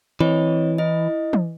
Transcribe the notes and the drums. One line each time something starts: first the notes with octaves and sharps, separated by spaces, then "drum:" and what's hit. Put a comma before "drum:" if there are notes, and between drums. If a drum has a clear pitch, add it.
E3 C4 C#5 D#5
E4 D#5
drum: tom E3